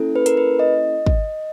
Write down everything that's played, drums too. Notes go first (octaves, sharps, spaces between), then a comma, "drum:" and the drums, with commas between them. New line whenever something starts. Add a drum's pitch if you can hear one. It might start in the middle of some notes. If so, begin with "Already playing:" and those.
Already playing: A#3 C#4 E4 A4
B4
A#4, drum: hi-hat
B4
D#5
drum: kick